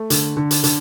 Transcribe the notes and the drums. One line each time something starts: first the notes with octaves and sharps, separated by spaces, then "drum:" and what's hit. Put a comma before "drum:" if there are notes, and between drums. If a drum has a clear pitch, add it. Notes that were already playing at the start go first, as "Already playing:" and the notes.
Already playing: A3
D3, drum: hi-hat
D3
drum: hi-hat
D3, drum: hi-hat